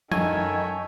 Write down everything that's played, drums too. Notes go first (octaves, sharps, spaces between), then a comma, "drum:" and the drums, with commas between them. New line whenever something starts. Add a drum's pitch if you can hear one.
F#2 D#3 A4 C#5 E5 G#5, drum: tom F3